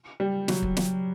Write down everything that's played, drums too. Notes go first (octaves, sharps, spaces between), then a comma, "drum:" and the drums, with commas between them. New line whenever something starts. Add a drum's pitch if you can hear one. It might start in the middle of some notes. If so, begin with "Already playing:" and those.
G3
F#3, drum: snare
drum: kick
drum: snare